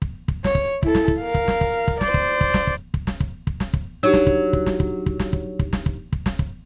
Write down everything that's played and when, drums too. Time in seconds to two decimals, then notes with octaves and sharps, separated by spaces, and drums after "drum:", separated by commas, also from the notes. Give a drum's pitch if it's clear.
0.02 drum: kick
0.28 drum: kick
0.44 C#5, drum: snare
0.55 drum: kick
0.83 E4 A4, drum: kick
0.95 drum: snare
1.08 drum: kick
1.20 A#4 F5
1.34 drum: kick
1.48 drum: snare
1.61 drum: kick
1.88 drum: kick
2.01 C5 D5, drum: snare
2.14 drum: kick
2.41 drum: kick
2.54 drum: snare
2.67 drum: kick
2.94 drum: kick
3.07 drum: snare
3.20 drum: kick
3.47 drum: kick
3.60 drum: snare
3.73 drum: kick
4.03 F#3 D4 D#4 G4
4.13 drum: snare
4.27 drum: kick
4.53 drum: kick
4.66 drum: snare
4.80 drum: kick
5.06 drum: kick
5.20 drum: snare
5.33 drum: kick
5.59 drum: kick
5.73 drum: snare
5.86 drum: kick
6.12 drum: kick
6.26 drum: snare
6.39 drum: kick